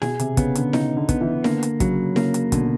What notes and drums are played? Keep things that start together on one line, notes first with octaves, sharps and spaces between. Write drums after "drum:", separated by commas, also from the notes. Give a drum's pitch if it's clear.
B2 G#4, drum: snare E4
C3, drum: hi-hat
C#3 B3, drum: kick, hi-hat
D3, drum: hi-hat
C#3 D#4, drum: snare E4
D3
B3, drum: kick, hi-hat
E3
D3 A#3, drum: snare E4
drum: hi-hat
C#3 F#3, drum: kick, hi-hat
C#3 A#3, drum: snare E4
drum: hi-hat
B2 D3, drum: kick, hi-hat